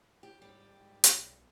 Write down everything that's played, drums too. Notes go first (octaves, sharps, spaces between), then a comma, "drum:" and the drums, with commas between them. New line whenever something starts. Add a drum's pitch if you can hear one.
G4
G#2 G3 G4
B1 C#3, drum: hi-hat